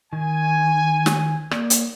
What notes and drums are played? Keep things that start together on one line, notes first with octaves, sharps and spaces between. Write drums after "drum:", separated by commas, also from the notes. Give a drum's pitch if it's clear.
D#3 G#5
drum: snare
A#3 D5, drum: rim click
drum: hi-hat